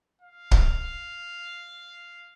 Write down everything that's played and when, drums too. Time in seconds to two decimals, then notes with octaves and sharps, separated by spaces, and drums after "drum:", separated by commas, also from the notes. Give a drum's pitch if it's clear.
0.22 F5
0.51 drum: kick